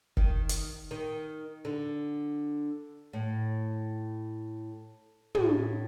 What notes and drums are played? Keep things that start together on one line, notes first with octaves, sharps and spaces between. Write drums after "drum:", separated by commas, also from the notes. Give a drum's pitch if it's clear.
D#3, drum: kick
drum: hi-hat
D#3
D3
A2
A2, drum: tom